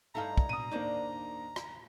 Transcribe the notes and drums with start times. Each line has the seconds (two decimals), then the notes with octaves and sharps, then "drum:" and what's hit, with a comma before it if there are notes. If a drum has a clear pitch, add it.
0.15 G2 D#4 E4 A4 F5 A#5
0.37 drum: kick
0.49 B2 D#6 D#7
0.71 D#2 A#3 D4 D#4 C5 D5
1.56 drum: rim click